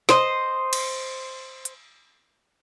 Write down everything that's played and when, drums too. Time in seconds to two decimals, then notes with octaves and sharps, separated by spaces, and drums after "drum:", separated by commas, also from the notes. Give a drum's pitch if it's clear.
0.09 C5 D#5, drum: snare
0.73 drum: cymbal
1.65 drum: hi-hat